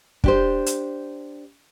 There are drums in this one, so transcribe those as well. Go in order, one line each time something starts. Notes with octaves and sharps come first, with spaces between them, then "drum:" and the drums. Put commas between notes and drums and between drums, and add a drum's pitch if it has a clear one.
D4 G4 C5, drum: kick
drum: hi-hat